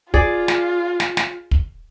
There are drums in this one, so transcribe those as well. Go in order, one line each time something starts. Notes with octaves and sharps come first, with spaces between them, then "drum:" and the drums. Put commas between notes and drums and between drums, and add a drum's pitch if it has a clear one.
F4 G#4 D5, drum: kick
drum: snare
drum: snare
drum: snare
drum: kick